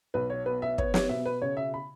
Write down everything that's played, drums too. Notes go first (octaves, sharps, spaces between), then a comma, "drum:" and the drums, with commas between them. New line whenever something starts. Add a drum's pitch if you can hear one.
B1 B4
C#5
B3 B4
E5
B3 C#5, drum: kick
C#5, drum: snare
B2 E5
B4
C#3 C#5
E5
B5